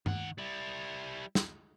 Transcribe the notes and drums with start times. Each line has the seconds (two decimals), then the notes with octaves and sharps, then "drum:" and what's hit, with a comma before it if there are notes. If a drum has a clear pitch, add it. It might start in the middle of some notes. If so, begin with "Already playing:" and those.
0.06 D#3 F#5, drum: tom G2
0.38 G3 E4
1.35 drum: snare